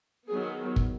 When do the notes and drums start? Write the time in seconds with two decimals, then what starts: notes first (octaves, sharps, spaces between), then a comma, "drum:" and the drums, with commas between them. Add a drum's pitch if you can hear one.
0.29 D#3 F#3 B3 G#4
0.76 drum: kick